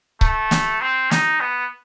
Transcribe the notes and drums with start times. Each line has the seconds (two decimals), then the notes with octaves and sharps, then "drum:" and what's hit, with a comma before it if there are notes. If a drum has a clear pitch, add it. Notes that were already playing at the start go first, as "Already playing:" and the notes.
0.21 A3, drum: kick C#1
0.51 drum: snare
0.81 C4
1.11 D#4, drum: snare
1.41 B3